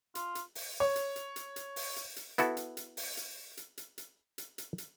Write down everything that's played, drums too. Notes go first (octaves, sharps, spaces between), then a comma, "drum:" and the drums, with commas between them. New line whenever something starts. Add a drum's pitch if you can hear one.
F4, drum: hi-hat
drum: hi-hat
drum: open hi-hat
C#5
drum: hi-hat
drum: hi-hat
drum: hi-hat
drum: hi-hat
drum: open hi-hat
drum: hi-hat
drum: hi-hat
B3 E4 F#4 A4, drum: hi-hat
drum: hi-hat
drum: hi-hat
drum: open hi-hat
drum: hi-hat
drum: hi-hat
drum: hi-hat
drum: hi-hat
drum: hi-hat
drum: hi-hat
drum: hi-hat